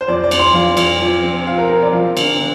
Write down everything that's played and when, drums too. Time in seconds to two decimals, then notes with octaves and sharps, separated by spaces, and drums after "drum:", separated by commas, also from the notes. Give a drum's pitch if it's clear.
0.01 C5
0.08 F2 D5
0.24 D5
0.31 F2, drum: cymbal
0.39 C6
0.54 F2 F5
0.77 F2, drum: cymbal
1.00 F3
1.23 C4
1.47 F4 F5
1.58 A#4
1.69 C4 A#4
1.82 D5
1.93 F3 F5
2.17 D3, drum: cymbal
2.39 D3